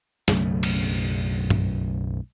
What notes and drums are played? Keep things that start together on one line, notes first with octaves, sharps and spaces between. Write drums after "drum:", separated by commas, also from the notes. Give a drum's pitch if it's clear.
B1 F#2 C#3 A3, drum: snare
drum: cymbal
drum: tom